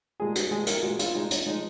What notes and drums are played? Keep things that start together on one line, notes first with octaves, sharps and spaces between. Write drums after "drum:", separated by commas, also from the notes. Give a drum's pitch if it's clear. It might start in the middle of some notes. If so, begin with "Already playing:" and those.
A#2 G#3 G#4
F#4, drum: hi-hat
A#2 G#3 G#4
A#4, drum: hi-hat
A#2 G#3 F#4
F4, drum: hi-hat
A#2 G#3 D#4
drum: hi-hat
F3 G#3 D#4